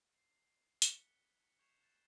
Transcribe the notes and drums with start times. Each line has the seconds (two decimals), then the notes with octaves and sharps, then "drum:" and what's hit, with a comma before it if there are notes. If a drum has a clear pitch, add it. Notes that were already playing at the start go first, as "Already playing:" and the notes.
0.15 C7
0.82 drum: hi-hat
0.97 F#6 B6 C#7 G7
1.59 C#6 G6 G#6 C7 E7 F7
1.82 F#6 G6 A6 E7